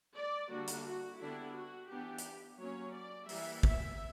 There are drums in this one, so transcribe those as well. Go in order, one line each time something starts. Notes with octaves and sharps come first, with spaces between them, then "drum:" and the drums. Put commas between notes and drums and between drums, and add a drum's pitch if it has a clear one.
D5
D3 G3 A#3 D4 F#4
drum: hi-hat
F#4
D3 G3 B3 D4 E4
F#4
E3 B3 D4 G4
drum: hi-hat
F#3 A#3 C#4 C#5
D5
E3 G3 A#3 E5, drum: open hi-hat
E5, drum: kick